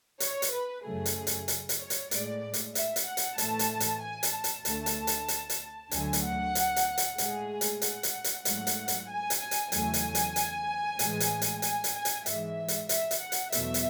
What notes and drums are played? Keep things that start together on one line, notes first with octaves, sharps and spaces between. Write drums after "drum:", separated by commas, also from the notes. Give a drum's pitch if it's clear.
C#5, drum: hi-hat
drum: hi-hat
B4
F#2 C#3 F#3 A3 G#4
drum: hi-hat
drum: hi-hat
drum: hi-hat
drum: hi-hat
C#5
drum: hi-hat
A2 G#3 D5, drum: hi-hat
drum: hi-hat
E5, drum: hi-hat
drum: hi-hat
F#5
drum: hi-hat
A2 E3 A3 A5, drum: hi-hat
drum: hi-hat
drum: hi-hat
G#5
drum: hi-hat
A5
drum: hi-hat
D2 D3 A3, drum: hi-hat
drum: hi-hat
drum: hi-hat
drum: hi-hat
drum: hi-hat
D2 D3 F#3 A3 G#5, drum: hi-hat
drum: hi-hat
F#5
drum: hi-hat
drum: hi-hat
drum: hi-hat
A2 G#3 G#4, drum: hi-hat
drum: hi-hat
F#5, drum: hi-hat
drum: hi-hat
drum: hi-hat
G#2 F#3 A3 F#5, drum: hi-hat
drum: hi-hat
drum: hi-hat
G#5
drum: hi-hat
G#5
drum: hi-hat
E2 C#3 F#3 A3 G#5, drum: hi-hat
drum: hi-hat
drum: hi-hat
drum: hi-hat
A2 E3 G#3, drum: hi-hat
drum: hi-hat
drum: hi-hat
G#5, drum: hi-hat
drum: hi-hat
G#5
drum: hi-hat
G#2 E3 G#3 E5, drum: hi-hat
drum: hi-hat
E5, drum: hi-hat
drum: hi-hat
F#5
drum: hi-hat
E2 B2 F#3 A3 E5, drum: hi-hat
drum: hi-hat